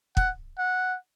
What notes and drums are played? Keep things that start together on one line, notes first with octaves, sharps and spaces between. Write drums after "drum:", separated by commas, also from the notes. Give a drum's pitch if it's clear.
F#5, drum: kick
F#5